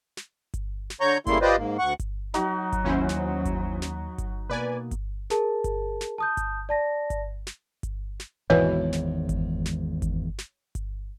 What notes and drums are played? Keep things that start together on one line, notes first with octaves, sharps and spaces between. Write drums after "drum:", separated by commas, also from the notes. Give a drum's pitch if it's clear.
drum: snare
drum: kick G1, hi-hat
drum: snare
D3 C#5 A#5 C#6 G6
C#3 G3 A3 A#3 E4 C6, drum: kick G1, hi-hat
F4 G4 B4 C5 D5 D#5
G#2 A#3
D2 F#5 C#6
drum: kick G1, hi-hat
F#3 D#4 F#4, drum: snare
drum: kick G1, hi-hat
D#2 C#4 E4 C5
drum: snare
drum: kick G1, hi-hat
drum: snare
drum: kick G1, hi-hat
B2 A#3 B4 D5 G#5
drum: kick G1, hi-hat
G#4 A#4 A5, drum: snare
drum: kick G1, hi-hat
drum: snare
A5 D#6 G6
drum: kick G1, hi-hat
D5 A5 A#6
drum: kick G1, hi-hat
drum: snare
drum: kick G1, hi-hat
drum: snare
G#1 E2 G#2 B2 E3 C#5
drum: snare
drum: kick G1, hi-hat
drum: snare
drum: kick G1, hi-hat
drum: snare
drum: kick G1, hi-hat